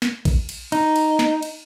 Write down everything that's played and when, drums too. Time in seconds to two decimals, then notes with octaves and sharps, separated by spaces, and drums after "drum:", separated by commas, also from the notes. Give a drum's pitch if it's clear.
0.02 drum: snare
0.25 drum: kick A#1, cymbal
0.49 drum: cymbal
0.72 D#4, drum: cymbal
0.96 drum: cymbal
1.19 drum: snare
1.42 drum: cymbal